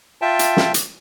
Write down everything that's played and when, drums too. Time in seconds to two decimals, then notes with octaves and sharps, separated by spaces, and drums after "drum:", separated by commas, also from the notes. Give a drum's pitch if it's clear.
0.22 F4 E5 G5 A5
0.39 drum: hi-hat
0.57 drum: snare
0.74 drum: hi-hat